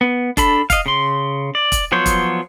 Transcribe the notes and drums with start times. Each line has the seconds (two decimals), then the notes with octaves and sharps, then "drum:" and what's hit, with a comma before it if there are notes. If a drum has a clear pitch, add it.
0.01 B3
0.37 D4 A4 B5, drum: kick, hi-hat
0.70 D#5 F5, drum: kick, hi-hat
0.86 C#3 C6
1.55 D5
1.72 drum: kick, hi-hat
1.92 F3 F#3 B3 C5 C#5
2.06 drum: kick, hi-hat